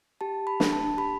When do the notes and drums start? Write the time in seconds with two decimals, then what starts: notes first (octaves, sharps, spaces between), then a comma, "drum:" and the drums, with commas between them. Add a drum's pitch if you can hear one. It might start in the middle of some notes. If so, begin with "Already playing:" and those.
0.21 G4 A5
0.47 B5
0.60 D4, drum: snare
0.73 A5
0.97 G4 B5